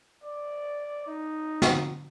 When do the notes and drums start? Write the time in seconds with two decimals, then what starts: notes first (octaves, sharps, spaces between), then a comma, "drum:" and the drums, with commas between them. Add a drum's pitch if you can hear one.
0.23 D5
1.07 D#4
1.62 drum: snare